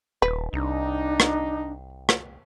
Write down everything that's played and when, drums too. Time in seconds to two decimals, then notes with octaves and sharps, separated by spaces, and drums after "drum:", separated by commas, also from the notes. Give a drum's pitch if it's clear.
0.22 D#1 B4
0.53 C2 D4 D#4
1.20 drum: rim click
2.09 drum: rim click